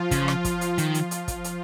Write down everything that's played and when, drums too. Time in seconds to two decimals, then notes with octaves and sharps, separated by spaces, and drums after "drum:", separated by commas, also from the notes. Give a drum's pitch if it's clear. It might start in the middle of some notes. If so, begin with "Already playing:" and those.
Already playing: F3 F4
0.11 C#3, drum: kick, hi-hat
0.28 drum: rim click
0.45 drum: kick, hi-hat
0.61 drum: hi-hat
0.78 D#3 F3 F4, drum: hi-hat
0.94 drum: hi-hat
1.11 drum: hi-hat
1.28 drum: kick, hi-hat
1.44 drum: hi-hat